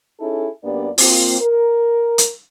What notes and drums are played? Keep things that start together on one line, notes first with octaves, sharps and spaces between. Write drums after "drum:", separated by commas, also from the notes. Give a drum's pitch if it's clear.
C#4 D#4 E4 G#4 A4
F#2 A#3 B3 D4 G4 D5
A#3 C4 F4, drum: open hi-hat
A#4
drum: hi-hat